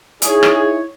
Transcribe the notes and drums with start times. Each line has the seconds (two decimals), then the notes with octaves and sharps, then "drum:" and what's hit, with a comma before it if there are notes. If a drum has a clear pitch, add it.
0.22 D#4 E4 G#4 C#5, drum: hi-hat
0.43 drum: rim click